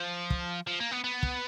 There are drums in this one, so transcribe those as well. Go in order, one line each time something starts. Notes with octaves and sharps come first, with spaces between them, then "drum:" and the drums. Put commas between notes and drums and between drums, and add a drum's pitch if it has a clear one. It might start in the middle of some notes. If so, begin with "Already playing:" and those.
Already playing: F3
drum: kick
F3
A#3
B3
B3
drum: kick